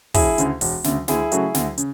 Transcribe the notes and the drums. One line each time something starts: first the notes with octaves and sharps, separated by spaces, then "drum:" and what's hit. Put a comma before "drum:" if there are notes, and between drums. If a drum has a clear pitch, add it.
E1 E4 G#4, drum: kick, open hi-hat
D2 C#3, drum: hi-hat
E1, drum: open hi-hat
D2 C#3, drum: snare
D2 E4 G#4, drum: snare
C#3 F#3 A3, drum: hi-hat
D2, drum: snare
C#3, drum: hi-hat